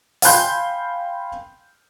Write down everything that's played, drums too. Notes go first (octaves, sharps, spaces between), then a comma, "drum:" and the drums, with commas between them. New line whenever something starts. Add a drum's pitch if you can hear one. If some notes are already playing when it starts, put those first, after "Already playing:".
F5 G5 G#5 B5 C6 G6, drum: open hi-hat